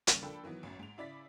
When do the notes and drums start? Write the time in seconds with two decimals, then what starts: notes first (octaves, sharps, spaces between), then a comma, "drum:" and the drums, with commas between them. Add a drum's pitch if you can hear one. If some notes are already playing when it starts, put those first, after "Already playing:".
0.07 D#2 C#3 G3, drum: hi-hat
0.22 F3 A#3 D4 A4 G5 B5
0.44 D#3 E3 F#3 B3
0.63 A1 F#2
0.79 G#2 F7
0.98 C#3 E4 D5 B5 A6 B6